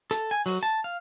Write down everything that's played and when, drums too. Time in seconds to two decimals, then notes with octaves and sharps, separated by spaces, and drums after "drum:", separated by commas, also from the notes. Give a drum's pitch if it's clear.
0.11 A4, drum: hi-hat
0.31 G#5
0.46 F#3, drum: open hi-hat
0.63 A5
0.84 F5